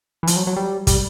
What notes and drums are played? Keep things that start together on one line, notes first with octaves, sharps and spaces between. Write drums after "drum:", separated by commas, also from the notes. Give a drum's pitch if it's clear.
E3
F3, drum: hi-hat
F#3
F#3
G3
G3, drum: kick, hi-hat